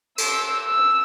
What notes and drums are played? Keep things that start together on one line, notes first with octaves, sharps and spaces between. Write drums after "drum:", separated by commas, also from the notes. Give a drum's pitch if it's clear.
E6, drum: cymbal
E6